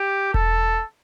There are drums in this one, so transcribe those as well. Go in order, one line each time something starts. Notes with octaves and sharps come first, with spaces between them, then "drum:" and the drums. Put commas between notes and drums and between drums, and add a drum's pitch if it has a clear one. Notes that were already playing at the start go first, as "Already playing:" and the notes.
Already playing: G4
A4, drum: kick E1